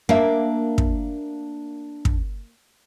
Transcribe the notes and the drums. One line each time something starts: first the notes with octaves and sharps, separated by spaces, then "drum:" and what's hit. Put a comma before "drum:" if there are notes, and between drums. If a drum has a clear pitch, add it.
A#3 D4 E5
drum: kick
drum: kick